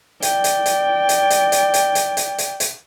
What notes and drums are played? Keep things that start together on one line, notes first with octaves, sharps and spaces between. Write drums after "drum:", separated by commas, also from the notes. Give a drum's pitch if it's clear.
D5 G5, drum: hi-hat
drum: hi-hat
drum: hi-hat
drum: hi-hat
drum: hi-hat
drum: hi-hat
drum: hi-hat
drum: hi-hat
drum: hi-hat
drum: hi-hat
drum: hi-hat